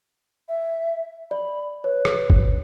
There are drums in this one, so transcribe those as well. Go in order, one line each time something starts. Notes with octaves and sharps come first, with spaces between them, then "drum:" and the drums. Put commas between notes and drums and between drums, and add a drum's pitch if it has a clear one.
E5
D5 B5
B4 C#5
drum: rim click
drum: kick